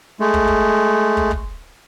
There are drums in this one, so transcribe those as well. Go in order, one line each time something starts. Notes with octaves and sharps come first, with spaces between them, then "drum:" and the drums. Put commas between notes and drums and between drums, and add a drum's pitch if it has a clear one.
G#3 A3
drum: kick
drum: kick
drum: kick
drum: kick